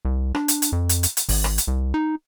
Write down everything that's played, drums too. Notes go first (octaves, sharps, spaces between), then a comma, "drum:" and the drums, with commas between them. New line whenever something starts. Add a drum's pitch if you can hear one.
C2
D4, drum: rim click
drum: hi-hat
drum: hi-hat
F2
drum: hi-hat
drum: hi-hat
drum: hi-hat
G#1, drum: kick, open hi-hat
drum: rim click
drum: hi-hat
C2
D#4